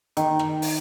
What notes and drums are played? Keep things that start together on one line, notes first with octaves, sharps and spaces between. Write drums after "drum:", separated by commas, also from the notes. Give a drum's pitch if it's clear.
D#3, drum: hi-hat
drum: rim click
drum: open hi-hat